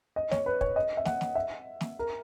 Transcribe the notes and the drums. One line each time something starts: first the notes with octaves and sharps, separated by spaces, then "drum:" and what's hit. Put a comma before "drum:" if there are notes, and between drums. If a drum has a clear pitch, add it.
D#5
C#5, drum: snare
B4
C#5, drum: kick
D#5
E5
F#5, drum: snare
drum: snare
E5
drum: snare
A#4